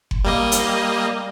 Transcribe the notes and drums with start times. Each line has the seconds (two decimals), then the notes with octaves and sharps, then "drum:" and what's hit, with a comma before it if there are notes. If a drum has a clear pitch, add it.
0.11 drum: kick F#1
0.25 G3 A#3 D#5
0.52 drum: hi-hat